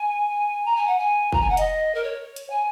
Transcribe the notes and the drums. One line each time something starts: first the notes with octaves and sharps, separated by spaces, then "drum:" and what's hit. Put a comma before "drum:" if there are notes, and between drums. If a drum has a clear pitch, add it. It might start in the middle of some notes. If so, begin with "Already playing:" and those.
Already playing: G#5
A#5
G#5
F#5
G#5
A#5, drum: kick
G#5
F#5
D#5, drum: hi-hat
A#4
C#5
drum: hi-hat
G#5